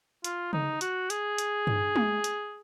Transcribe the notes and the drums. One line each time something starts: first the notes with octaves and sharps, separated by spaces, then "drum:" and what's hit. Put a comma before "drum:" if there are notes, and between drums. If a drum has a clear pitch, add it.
F4, drum: hi-hat
D#4, drum: tom C#3
F#4, drum: hi-hat
G#4, drum: hi-hat
drum: hi-hat
drum: tom G2
drum: tom G#3
drum: hi-hat